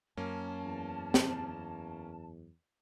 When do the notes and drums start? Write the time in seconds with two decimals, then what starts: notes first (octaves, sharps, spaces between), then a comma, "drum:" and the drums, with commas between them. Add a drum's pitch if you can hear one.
0.17 F#2 A#3 C#4 A5
0.64 E2
1.14 drum: snare